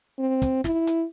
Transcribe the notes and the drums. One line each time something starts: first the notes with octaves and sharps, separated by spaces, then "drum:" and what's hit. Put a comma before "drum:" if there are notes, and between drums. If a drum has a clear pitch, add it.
C4
drum: kick, hi-hat
E4, drum: snare
drum: hi-hat